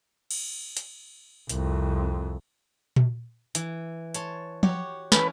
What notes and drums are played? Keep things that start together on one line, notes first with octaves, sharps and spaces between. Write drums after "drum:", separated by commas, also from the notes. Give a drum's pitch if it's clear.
drum: cymbal
drum: hi-hat
C2 F2, drum: hi-hat
drum: tom A#2
E3, drum: hi-hat
C#5 A5 C6, drum: hi-hat
F#4 G4 C#5, drum: tom F3
E3 C#4 A4 B4 B5, drum: snare